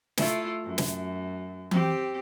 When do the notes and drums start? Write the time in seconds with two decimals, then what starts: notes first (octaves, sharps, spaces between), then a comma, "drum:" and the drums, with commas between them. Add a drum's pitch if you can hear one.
0.17 A3 E4 F4, drum: snare
0.64 F#2
0.78 drum: snare
1.71 C4 G4, drum: tom E3